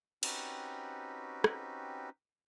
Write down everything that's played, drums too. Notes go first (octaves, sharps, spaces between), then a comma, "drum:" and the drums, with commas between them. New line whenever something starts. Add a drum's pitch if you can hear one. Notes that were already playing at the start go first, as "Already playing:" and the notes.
C4 C#4 D#4 F#4 G4 B4, drum: cymbal
drum: rim click